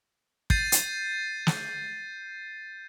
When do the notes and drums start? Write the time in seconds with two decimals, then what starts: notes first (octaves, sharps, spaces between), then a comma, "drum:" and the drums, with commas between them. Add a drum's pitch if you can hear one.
0.50 G6 A6 C7 D#7, drum: kick
0.72 drum: hi-hat
1.47 drum: snare